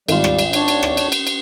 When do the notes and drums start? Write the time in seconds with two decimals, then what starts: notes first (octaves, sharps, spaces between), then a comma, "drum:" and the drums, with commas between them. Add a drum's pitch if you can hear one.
0.08 G#1 G3 F4, drum: cymbal
0.24 drum: rim click
0.39 drum: cymbal
0.53 D4 C#5, drum: cymbal
0.68 drum: cymbal
0.83 drum: rim click
0.97 drum: cymbal
1.12 drum: cymbal
1.27 drum: cymbal